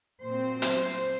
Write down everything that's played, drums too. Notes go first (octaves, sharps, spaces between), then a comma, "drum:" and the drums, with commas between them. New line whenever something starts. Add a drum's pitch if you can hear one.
A#2 F#3 C4 C5
drum: hi-hat